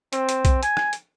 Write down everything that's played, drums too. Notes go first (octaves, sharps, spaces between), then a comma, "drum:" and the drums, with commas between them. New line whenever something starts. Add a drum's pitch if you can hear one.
C4, drum: hi-hat
drum: hi-hat
drum: kick B1, hi-hat
G#5, drum: hi-hat
drum: rim click
drum: hi-hat